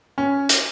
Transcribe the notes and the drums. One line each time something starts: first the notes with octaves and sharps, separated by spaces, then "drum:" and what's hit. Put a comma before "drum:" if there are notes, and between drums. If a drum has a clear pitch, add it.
C#4
drum: hi-hat